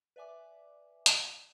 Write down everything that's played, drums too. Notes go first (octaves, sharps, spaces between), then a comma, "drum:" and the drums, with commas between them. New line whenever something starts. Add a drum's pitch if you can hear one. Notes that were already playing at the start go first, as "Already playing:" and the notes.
B4 D5 E5 G#5 D6
drum: hi-hat